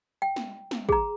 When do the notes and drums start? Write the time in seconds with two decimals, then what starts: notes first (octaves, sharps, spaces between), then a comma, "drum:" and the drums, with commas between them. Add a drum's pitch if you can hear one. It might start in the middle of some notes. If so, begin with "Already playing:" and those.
0.22 G5
0.36 drum: snare
0.71 drum: snare
0.89 G#4 A#5, drum: kick